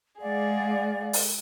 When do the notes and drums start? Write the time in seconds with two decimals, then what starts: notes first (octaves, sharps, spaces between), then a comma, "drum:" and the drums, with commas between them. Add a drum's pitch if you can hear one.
0.20 G#3 G#4 D5 F5 F#5
1.13 drum: open hi-hat